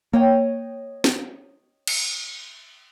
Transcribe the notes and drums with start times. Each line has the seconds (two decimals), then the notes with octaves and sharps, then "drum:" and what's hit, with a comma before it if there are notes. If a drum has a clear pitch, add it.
0.13 A#3 C#5 D#5 G5
1.04 drum: snare
1.87 drum: cymbal